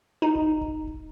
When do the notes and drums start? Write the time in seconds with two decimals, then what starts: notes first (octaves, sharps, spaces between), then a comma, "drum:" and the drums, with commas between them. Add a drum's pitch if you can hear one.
0.22 D#4
0.35 drum: kick
0.61 drum: kick
0.87 drum: kick